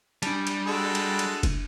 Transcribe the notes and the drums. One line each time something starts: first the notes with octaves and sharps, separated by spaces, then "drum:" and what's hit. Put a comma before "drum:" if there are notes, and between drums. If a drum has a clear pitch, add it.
G3 D4 A5, drum: cymbal
drum: cymbal
G#3 F#4 A4
drum: cymbal
drum: cymbal
drum: kick F#1, cymbal